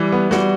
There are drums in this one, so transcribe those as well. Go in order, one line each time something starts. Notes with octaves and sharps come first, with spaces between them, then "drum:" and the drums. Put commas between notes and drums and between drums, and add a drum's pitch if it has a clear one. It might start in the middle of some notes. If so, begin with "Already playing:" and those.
Already playing: E3 G3
B3
G3 F#4, drum: snare